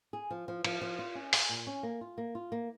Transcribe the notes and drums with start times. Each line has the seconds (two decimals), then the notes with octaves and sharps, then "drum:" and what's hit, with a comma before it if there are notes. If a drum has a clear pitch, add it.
0.13 G#4
0.31 F3
0.48 F3
0.64 F3, drum: cymbal
0.81 F3
0.99 F4
1.15 C#4
1.33 G#4, drum: open hi-hat
1.49 A#2
1.67 C#4
1.83 A#3
2.01 F4
2.18 A#3
2.35 F4
2.52 A#3